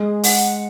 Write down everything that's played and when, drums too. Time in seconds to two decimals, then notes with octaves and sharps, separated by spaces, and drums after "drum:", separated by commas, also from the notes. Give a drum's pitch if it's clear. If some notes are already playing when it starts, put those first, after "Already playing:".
Already playing: G#3 G#4
0.23 F#5, drum: open hi-hat